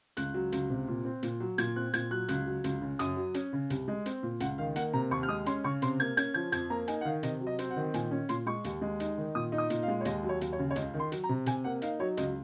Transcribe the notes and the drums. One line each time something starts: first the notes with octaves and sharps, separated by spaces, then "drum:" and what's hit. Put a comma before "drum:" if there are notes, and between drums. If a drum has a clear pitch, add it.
C#2 F#6, drum: hi-hat
F#3
C#2, drum: hi-hat
C3
A#2
C4
A#2, drum: hi-hat
F#3
A#2 G#6, drum: hi-hat
C4 F#6
A#2 G#6, drum: hi-hat
F#3 F#6
C#2 F#6, drum: hi-hat
F#3
C#2, drum: hi-hat
C#3
F#2 D#6, drum: hi-hat
F#3
C#4, drum: hi-hat
C#3
C2, drum: hi-hat
G#3
C4, drum: hi-hat
A#2
C#2 F#5, drum: hi-hat
D#3 F5
A#3 F#5, drum: hi-hat
C3 A#5
D#2 C#6
F6
G#3 D#6
C#4 C6, drum: hi-hat
C#3 C#6
C3 C6, drum: hi-hat
A#3 G#6
C#4 G#6, drum: hi-hat
F3 G#6
F2 G#6, drum: hi-hat
A#3 A#5
D#4 G#5, drum: hi-hat
F#5
D#3 F5
C3 D#5, drum: hi-hat
F#3
D#5
C4, drum: hi-hat
F#5
D#3
A#2 G#5, drum: hi-hat
C#4
A#2 C6, drum: hi-hat
G#3 C#6
D#2, drum: hi-hat
G#3
D#4, drum: hi-hat
D#3
A#2 D#6
D#4
D#6
A#2, drum: hi-hat
F5
G#3
C#5
D#2 D#5, drum: hi-hat
F#3
C#5
D#2, drum: hi-hat
C#5
C#3
C#5
C#2 D#5, drum: hi-hat
D#3
C6
F#3, drum: hi-hat
A#5
C3
C3 G#5, drum: hi-hat
A#3 F#5
D#4 F5, drum: hi-hat
F#3 C#5
C#2 D#5, drum: hi-hat